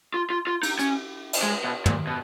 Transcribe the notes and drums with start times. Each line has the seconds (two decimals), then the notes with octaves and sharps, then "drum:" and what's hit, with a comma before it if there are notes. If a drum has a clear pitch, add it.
0.14 F4
0.30 F4
0.47 F4
0.63 D#4, drum: cymbal
0.79 C#4, drum: hi-hat
1.33 drum: cymbal
1.43 G#3
1.64 B2
1.86 A#2, drum: tom
2.07 B2